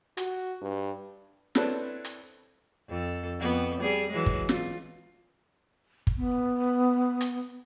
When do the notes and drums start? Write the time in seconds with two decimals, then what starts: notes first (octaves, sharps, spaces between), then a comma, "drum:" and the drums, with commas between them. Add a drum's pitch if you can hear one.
0.17 F#4, drum: hi-hat
0.61 G2
1.55 C4 D4 E4 A4 B4 C#5, drum: snare
2.05 drum: hi-hat
2.89 F2 A4
3.40 F2 B3
3.80 G3 G#4
4.10 E3 F#3 G#3
4.26 drum: kick
4.49 F4, drum: snare
6.07 drum: kick
6.18 B3
7.21 drum: hi-hat